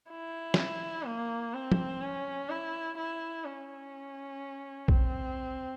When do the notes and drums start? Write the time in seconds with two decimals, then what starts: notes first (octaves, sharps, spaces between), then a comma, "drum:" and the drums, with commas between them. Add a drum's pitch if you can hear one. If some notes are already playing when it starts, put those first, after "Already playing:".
0.11 E4
0.54 drum: snare
1.06 A#3
1.54 C4
1.72 drum: tom
2.01 C#4
2.49 E4
2.97 E4
3.45 C#4
4.88 C4, drum: kick A#1